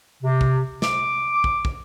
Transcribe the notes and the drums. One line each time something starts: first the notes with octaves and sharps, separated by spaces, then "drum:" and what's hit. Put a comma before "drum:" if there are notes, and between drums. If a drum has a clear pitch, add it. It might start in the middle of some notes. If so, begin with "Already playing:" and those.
C3
drum: kick
D6, drum: snare
drum: kick
drum: kick